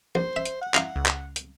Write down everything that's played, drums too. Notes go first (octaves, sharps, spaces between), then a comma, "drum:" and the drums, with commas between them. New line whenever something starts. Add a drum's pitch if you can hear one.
A#1 C5
E5
drum: hi-hat
F#5
E4 F5 A#5, drum: clap
C#2
drum: clap
drum: hi-hat